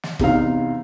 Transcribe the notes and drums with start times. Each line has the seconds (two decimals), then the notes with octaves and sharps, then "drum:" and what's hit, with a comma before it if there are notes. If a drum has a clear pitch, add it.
0.03 drum: snare
0.19 E2 C3 D#4 F5, drum: kick